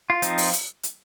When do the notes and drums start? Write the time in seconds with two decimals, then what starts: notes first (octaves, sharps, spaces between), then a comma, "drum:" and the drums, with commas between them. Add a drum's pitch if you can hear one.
0.10 F4
0.22 F3 C4 D#4, drum: hi-hat
0.38 drum: open hi-hat
0.53 drum: hi-hat
0.83 drum: hi-hat